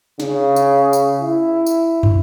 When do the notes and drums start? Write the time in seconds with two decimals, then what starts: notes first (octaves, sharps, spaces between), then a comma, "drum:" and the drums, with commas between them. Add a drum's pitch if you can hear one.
0.20 C#3, drum: snare
0.56 drum: tambourine
0.93 drum: tambourine
1.21 E4
1.67 drum: tambourine
2.03 drum: tom